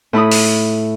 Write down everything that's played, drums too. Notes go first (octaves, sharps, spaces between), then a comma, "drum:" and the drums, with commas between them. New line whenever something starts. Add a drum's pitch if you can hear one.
A2 E4 B5 D#6
drum: open hi-hat